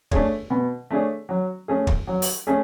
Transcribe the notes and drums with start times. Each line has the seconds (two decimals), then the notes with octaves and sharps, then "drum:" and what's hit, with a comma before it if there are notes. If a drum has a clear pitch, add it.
0.11 A3 D4 G#4 C#5, drum: kick
0.50 B2
0.90 A3 D4 G#4 C#5
1.29 F#3
1.68 A3 C#4 G#4
1.87 drum: kick
2.07 F#3
2.22 drum: open hi-hat
2.47 A3 C#4 G#4